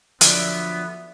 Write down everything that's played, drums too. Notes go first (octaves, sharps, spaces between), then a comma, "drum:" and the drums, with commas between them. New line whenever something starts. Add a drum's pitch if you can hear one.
D3 F3 F#3 A3 B3 D5, drum: hi-hat